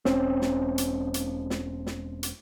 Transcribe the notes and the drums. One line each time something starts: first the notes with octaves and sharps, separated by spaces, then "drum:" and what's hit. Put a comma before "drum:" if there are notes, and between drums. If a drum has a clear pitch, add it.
E1 C4 C#4, drum: snare
drum: snare
drum: hi-hat
drum: hi-hat
drum: snare
drum: snare
drum: hi-hat